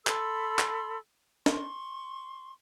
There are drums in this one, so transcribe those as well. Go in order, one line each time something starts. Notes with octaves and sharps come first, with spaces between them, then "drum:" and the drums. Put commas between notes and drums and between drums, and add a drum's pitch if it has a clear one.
A4 B5 C6 E6, drum: clap
drum: clap
C6 C#6, drum: snare